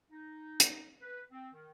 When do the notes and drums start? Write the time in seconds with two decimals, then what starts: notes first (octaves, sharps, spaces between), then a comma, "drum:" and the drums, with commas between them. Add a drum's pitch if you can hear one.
0.10 D#4
0.60 drum: hi-hat
1.00 B4
1.30 C4
1.53 D#3